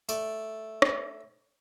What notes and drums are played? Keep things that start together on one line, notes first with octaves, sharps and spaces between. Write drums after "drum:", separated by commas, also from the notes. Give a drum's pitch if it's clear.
A3 D5, drum: tambourine
drum: rim click